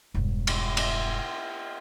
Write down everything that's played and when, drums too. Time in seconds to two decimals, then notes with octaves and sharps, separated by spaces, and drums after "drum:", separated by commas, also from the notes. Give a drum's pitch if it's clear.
0.14 E1 G2
0.47 drum: cymbal
0.77 drum: cymbal